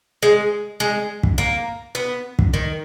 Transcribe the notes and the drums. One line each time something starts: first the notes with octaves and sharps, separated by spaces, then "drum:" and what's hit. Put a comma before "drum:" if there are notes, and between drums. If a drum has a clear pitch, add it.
G#3
G#3
drum: kick
A#3
B3
drum: kick
D#3